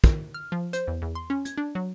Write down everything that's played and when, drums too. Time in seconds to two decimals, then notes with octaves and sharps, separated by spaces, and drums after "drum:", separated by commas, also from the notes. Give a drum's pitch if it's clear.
0.04 D#3, drum: kick, hi-hat
0.34 F6
0.52 F3
0.73 C5, drum: hi-hat
0.87 E2
1.02 E2
1.15 C6
1.30 C#4
1.45 G#6, drum: hi-hat
1.58 D4
1.75 F#3